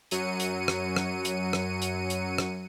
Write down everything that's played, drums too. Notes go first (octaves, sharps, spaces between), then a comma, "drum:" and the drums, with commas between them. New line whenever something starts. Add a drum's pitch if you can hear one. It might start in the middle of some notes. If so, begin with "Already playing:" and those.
F#2 F#3 C#7 D#7, drum: hi-hat
drum: hi-hat
drum: rim click
drum: rim click
drum: hi-hat
drum: rim click
drum: hi-hat
drum: hi-hat
drum: rim click